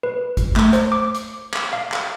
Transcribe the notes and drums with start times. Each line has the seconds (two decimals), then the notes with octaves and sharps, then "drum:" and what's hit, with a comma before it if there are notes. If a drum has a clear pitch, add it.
0.03 B4
0.37 drum: kick G#1, hi-hat
0.56 A3, drum: clap
0.73 C5, drum: hi-hat
0.92 D6
1.15 drum: hi-hat
1.53 drum: clap
1.73 F5
1.92 drum: clap